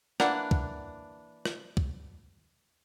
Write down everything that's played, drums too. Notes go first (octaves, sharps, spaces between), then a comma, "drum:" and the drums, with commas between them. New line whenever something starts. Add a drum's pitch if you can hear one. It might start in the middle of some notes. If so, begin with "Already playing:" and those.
E3 A#3 D4 F#5, drum: rim click
drum: kick
drum: rim click
drum: kick